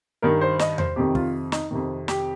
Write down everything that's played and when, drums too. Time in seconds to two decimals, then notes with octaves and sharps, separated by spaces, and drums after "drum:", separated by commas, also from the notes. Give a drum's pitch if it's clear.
0.22 G2 D#3 A#4
0.41 C5
0.59 D#5, drum: snare
0.78 C5, drum: tom E2
0.96 F2 C3 D#3 G4
1.15 F4, drum: kick
1.52 D#4, drum: snare
1.71 F2 C3 D#3
2.08 G4, drum: snare